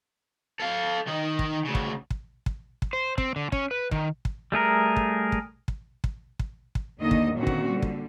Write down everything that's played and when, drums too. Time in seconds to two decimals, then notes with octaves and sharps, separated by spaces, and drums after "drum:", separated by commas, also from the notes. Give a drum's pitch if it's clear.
0.60 A4 F5
1.08 D#3 D#4
1.39 drum: kick
1.66 D2 C#3
1.75 drum: kick
2.10 drum: kick
2.46 drum: kick
2.82 drum: kick
2.93 C5
3.18 C4, drum: kick
3.36 D3
3.52 C#4, drum: kick
3.71 B4
3.91 D#3, drum: kick
4.25 drum: kick
4.52 G3 A3 G#4 A#4
4.96 drum: kick
5.32 drum: kick
5.68 drum: kick
6.04 drum: kick
6.39 drum: kick
6.75 drum: kick
7.00 D#2 D3 D#3 A#3 D#5
7.11 drum: kick
7.36 A#2 D3 D#3 C4 C#4 F#4
7.47 drum: kick
7.68 D3 G3
7.82 drum: kick